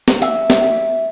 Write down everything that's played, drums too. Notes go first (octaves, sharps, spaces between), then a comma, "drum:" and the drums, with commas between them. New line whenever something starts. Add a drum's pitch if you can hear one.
drum: snare
E5, drum: hi-hat
drum: snare